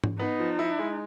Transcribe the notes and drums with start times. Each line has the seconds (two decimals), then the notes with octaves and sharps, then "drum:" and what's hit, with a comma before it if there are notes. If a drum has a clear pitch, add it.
0.04 drum: tom G#2
0.19 B3 D#4
0.39 F3
0.59 E4
0.79 G#3